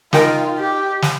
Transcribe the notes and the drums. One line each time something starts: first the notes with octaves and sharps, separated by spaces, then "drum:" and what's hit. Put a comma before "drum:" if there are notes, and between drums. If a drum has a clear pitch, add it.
D#4 F4 A#4 G5, drum: snare
G4
drum: snare